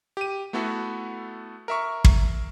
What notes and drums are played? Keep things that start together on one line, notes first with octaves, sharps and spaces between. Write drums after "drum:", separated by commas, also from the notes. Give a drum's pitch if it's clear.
G4 D#7
A3 B3 E4 F#4 A4
A#4 E5 C#6
drum: kick